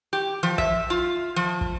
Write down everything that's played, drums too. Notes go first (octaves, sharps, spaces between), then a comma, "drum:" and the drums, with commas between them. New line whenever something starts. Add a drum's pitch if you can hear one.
G4
F3
E5, drum: kick
F4
F3
drum: kick